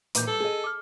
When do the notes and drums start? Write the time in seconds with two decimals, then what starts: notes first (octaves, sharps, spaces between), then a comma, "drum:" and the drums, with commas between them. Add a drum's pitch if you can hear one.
0.15 A#2 E3 B4 D6 G6, drum: hi-hat
0.27 G3 A4
0.40 G#4 D#5
0.64 D6 F6